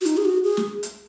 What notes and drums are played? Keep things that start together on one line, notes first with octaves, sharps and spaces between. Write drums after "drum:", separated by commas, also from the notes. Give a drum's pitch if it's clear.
F#4
D#4, drum: hi-hat
G#4
F#4
G#4
drum: snare
drum: hi-hat